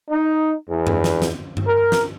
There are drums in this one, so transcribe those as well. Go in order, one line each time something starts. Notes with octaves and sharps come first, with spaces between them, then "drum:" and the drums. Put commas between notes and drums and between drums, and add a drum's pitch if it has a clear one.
D#4
E2
drum: tom F#2
drum: snare
drum: snare
drum: tom G2
A#4
drum: snare